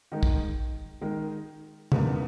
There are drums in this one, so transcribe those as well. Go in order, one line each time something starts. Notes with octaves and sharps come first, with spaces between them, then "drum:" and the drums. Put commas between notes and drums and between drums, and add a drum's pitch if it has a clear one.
D#3 G#3 D#4 A#4
drum: kick
D#3 G#3 D#4 A#4
E2 C#3 G#3 D#4 A#4, drum: tom